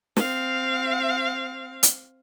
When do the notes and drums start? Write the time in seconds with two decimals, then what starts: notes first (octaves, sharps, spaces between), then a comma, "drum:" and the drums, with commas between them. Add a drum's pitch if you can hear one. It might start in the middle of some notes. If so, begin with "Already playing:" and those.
0.17 C4 F5, drum: snare
1.83 drum: hi-hat